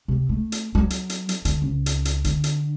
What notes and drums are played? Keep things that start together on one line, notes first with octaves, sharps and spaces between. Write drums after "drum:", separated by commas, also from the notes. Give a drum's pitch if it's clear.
C3
A3
drum: hi-hat
F#3
drum: hi-hat
drum: hi-hat
drum: hi-hat
D3, drum: hi-hat
C#2
drum: hi-hat
drum: hi-hat
D3, drum: hi-hat
drum: hi-hat